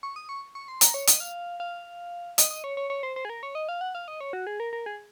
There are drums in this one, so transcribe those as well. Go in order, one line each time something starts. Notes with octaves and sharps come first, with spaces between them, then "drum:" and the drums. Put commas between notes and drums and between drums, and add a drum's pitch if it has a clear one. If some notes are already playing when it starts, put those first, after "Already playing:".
C#6
D#6
C#6
C#6
C6
A#5, drum: hi-hat
C#5
D#5, drum: hi-hat
F5
F5
D#5, drum: hi-hat
D#5
C#5
C#5
C#5
C5
C5
G#4
A#4
C#5
D#5
F5
F#5
F5
D#5
C#5
F#4
G#4
A#4
A#4
G#4